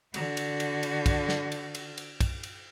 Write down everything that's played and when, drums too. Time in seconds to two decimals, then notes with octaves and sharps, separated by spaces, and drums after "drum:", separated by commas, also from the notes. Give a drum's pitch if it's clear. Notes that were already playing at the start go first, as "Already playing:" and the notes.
0.14 D3 F#4, drum: cymbal
0.37 drum: cymbal
0.60 drum: cymbal
0.83 drum: cymbal
1.06 drum: kick, cymbal
1.29 drum: snare
1.52 drum: cymbal
1.75 drum: cymbal
1.98 drum: cymbal
2.20 drum: kick, cymbal
2.43 drum: cymbal